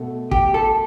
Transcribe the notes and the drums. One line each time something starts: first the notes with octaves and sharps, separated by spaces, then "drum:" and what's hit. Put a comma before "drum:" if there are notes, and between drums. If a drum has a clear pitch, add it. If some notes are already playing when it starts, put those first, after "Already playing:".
Already playing: B2 A3
G4, drum: kick
A4